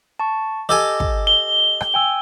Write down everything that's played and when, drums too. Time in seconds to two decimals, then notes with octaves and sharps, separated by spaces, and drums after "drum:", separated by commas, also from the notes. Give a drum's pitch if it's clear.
0.20 A5 C#6
0.69 G4 A4 D#5 G#5
1.00 drum: kick
1.27 G7
1.81 drum: rim click
1.94 G5 G#5 E6